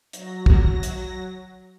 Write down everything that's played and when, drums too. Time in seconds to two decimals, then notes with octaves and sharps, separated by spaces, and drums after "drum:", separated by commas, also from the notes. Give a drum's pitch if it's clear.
0.13 F#3 A#6, drum: hi-hat
0.46 drum: kick
0.83 drum: hi-hat